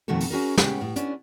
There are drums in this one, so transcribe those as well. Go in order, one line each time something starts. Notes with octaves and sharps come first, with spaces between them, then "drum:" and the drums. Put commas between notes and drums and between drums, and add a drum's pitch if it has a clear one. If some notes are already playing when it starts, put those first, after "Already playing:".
F2 B2 D#3 A3 F#4 A4
drum: open hi-hat
C#4 F#4 G#4 A#4
G#3 B3 C#4 G4, drum: snare
A2
B3 C#4 D4, drum: hi-hat